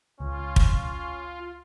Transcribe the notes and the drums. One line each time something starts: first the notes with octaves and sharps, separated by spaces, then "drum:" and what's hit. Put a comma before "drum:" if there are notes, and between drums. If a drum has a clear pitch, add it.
C#2 C#4 F4
drum: kick